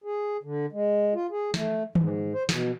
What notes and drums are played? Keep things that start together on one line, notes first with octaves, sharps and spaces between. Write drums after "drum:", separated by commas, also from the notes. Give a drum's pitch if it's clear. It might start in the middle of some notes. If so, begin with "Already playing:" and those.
G#4
D3
G#3
F4
G#4
A3, drum: snare
G#2, drum: tom D#3
C5
B2, drum: snare